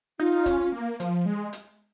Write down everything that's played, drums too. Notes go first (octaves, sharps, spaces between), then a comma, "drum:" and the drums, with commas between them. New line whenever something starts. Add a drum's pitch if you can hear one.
D#4 F4
C#4, drum: kick, hi-hat
A#3
F3, drum: hi-hat
G#3
drum: hi-hat